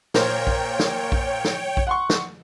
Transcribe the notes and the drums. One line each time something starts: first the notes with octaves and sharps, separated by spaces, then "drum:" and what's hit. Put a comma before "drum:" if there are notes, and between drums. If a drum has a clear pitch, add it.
A#2 A#4 C5 C#5 G5, drum: snare
drum: kick A#1
drum: snare
drum: kick A#1
drum: snare
drum: kick A#1
F#5 C6 C#6
drum: snare